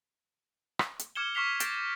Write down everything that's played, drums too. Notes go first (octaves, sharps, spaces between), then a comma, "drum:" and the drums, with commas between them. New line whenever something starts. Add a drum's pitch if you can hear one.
drum: rim click
drum: hi-hat
D6 F6 G#6 C#7 E7 G7
C#6 D6 F6 B6 C7 F7
G6 A6 A#6 C7 D7, drum: hi-hat